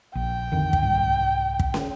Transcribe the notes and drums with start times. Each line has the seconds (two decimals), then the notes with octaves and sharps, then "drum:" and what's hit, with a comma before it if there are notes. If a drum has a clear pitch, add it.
0.15 A#1 G5
0.52 F2 D3 D#3
0.73 drum: kick
0.82 C2 G#2
1.59 drum: kick
1.74 drum: snare